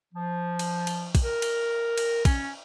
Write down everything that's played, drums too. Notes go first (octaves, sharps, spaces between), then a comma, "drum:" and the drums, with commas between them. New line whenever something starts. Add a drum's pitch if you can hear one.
F3
drum: cymbal
drum: cymbal
drum: kick, cymbal
A#4
drum: cymbal
drum: cymbal
C#4, drum: kick, cymbal